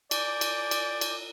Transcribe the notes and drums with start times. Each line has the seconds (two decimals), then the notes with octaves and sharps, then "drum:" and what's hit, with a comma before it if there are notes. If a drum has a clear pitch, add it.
0.11 D5 G#5 D6 G6, drum: cymbal
0.41 drum: cymbal
0.71 drum: cymbal
1.01 drum: cymbal